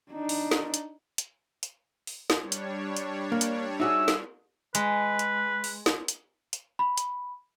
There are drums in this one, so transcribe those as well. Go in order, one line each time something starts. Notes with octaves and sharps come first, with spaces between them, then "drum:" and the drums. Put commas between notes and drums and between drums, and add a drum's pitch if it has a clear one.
D4 D#4
drum: open hi-hat
drum: snare
drum: hi-hat
drum: hi-hat
drum: hi-hat
drum: open hi-hat
drum: snare
G3 D4 C#5
drum: hi-hat
drum: hi-hat
A#3
drum: hi-hat
D#4 F#4 G#4 E5 E6
drum: snare
G#3 B4, drum: hi-hat
drum: hi-hat
drum: open hi-hat
drum: snare
drum: hi-hat
drum: hi-hat
B5
drum: hi-hat